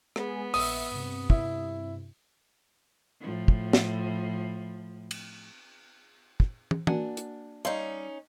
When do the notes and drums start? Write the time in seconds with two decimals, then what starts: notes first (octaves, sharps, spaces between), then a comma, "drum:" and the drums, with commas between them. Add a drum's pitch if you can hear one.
0.16 G#3 B3 G#4, drum: rim click
0.54 A#1 E5 D#6 E6, drum: open hi-hat
0.91 G2 C3
1.30 E4, drum: kick
3.21 A2 F3
3.48 drum: kick
3.73 drum: snare
5.11 drum: cymbal
6.40 drum: kick
6.71 drum: tom
6.87 A#3 D4 F#4 A#4 F#5 G#5, drum: tom
7.17 drum: hi-hat
7.65 G3 C#4 D#4 F5 C6 G6